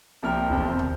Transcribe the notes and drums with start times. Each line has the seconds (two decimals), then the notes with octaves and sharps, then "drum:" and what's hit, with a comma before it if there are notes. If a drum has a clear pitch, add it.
0.23 C2 F3 A#3 A#4 G5 F6
0.49 E1 C2 F2
0.69 C5
0.79 drum: tom